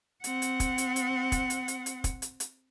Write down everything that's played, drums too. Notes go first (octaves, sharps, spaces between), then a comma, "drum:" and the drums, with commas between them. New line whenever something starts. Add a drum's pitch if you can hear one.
C4 F#5, drum: hi-hat
drum: hi-hat
drum: kick, hi-hat
drum: hi-hat
drum: hi-hat
drum: kick, hi-hat
drum: hi-hat
drum: hi-hat
drum: hi-hat
drum: kick, hi-hat
drum: hi-hat
drum: hi-hat